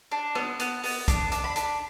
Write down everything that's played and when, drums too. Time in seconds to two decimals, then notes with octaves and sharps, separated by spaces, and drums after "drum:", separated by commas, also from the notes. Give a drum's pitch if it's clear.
0.12 D4
0.35 B3, drum: rim click
0.60 B3, drum: hi-hat
0.84 B3, drum: open hi-hat
1.08 D4, drum: kick, hi-hat
1.32 D4, drum: hi-hat
1.44 B5
1.56 D4, drum: hi-hat